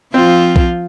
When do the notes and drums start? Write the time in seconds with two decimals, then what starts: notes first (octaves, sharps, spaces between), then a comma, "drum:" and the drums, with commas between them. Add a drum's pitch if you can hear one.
0.14 F3 C4 F4
0.56 drum: kick B1